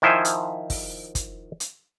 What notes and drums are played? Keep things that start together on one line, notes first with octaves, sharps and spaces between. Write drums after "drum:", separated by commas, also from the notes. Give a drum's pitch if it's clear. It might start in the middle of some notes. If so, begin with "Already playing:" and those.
D#3 F3 E4 C5 E5 G#5
drum: hi-hat
drum: kick, open hi-hat
drum: kick, hi-hat
drum: hi-hat